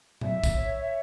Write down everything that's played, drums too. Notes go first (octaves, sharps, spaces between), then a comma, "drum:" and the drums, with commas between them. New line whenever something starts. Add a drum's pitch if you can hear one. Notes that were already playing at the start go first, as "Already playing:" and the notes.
E5, drum: tom A#2
drum: kick, tambourine
C#5